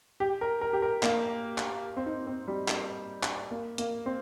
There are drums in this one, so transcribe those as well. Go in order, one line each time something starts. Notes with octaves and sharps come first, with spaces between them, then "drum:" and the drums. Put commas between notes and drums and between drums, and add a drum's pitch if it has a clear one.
G4
A#4
A#4
G4
A#4
A#3, drum: clap
drum: clap
C4
D#4
C4
G3
drum: clap
drum: clap
A#3
A#3, drum: hi-hat
C4